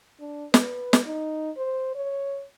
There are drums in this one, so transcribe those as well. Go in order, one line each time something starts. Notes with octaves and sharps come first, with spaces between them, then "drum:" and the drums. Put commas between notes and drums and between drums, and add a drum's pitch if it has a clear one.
D4
B4, drum: snare
drum: snare
D#4
C5
C#5